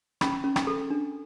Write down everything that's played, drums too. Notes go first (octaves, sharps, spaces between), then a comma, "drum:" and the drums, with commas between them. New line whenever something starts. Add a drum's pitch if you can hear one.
C#4 B5, drum: rim click
C#4
G5, drum: rim click
A4
D4